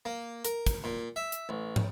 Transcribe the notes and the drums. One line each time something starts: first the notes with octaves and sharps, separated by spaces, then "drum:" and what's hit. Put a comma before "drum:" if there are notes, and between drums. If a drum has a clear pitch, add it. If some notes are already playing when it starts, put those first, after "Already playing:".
A#3
A#4, drum: hi-hat
drum: kick, hi-hat
A#2
E5
drum: hi-hat
A1
drum: tom